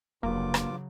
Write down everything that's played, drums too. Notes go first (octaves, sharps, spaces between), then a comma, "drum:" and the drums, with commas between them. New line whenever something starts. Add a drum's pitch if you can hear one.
F1 G2 C#3 F#3 A#3 F4 D6
drum: rim click